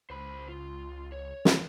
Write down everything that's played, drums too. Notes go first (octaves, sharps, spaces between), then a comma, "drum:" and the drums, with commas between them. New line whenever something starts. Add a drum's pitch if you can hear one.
C#2 C5 B5
F4
C#5
drum: snare